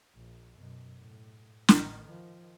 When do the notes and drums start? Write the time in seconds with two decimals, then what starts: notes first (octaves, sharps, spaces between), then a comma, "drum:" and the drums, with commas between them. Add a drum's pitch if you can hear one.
0.16 A#1
0.57 F#2 B2
0.99 A2
1.68 A1 D#3, drum: snare
2.06 D#3 F3